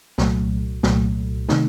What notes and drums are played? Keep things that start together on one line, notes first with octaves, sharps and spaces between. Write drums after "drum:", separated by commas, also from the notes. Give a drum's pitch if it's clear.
C2 A#2 F#3 A3, drum: snare
C2 A#2 F#3 A3, drum: snare
C3 D#3 A3 D#4, drum: snare